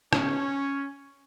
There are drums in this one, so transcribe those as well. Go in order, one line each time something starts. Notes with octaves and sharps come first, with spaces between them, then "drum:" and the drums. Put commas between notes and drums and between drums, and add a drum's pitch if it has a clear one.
C#4, drum: rim click